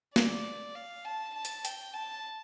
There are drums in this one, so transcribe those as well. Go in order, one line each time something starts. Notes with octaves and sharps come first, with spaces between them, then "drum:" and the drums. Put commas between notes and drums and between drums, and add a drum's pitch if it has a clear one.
D5, drum: snare
F5
A5
A5
drum: hi-hat
G5, drum: hi-hat
A5